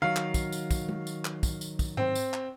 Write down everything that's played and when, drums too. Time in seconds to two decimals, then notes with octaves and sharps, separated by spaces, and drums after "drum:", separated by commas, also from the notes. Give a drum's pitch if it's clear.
0.02 D#3 F#3 F5
0.16 drum: clap
0.34 drum: kick, tambourine
0.52 drum: tambourine
0.71 drum: kick, tambourine
0.89 drum: tom G#3
1.07 drum: tambourine
1.25 drum: clap
1.43 drum: kick, tambourine
1.61 drum: tambourine
1.79 drum: kick, tambourine
1.97 C4, drum: tom G#2
2.15 drum: tambourine
2.34 drum: clap